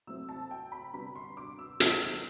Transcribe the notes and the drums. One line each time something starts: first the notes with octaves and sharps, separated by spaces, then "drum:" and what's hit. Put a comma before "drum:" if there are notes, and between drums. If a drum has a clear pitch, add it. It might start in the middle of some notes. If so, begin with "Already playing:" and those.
F#3 A3 C4 E4 E6
A5
G5
B5
D3 G3 B3 D4 B5
C6
D6
E6
D3 G3 B3 E4 E6, drum: hi-hat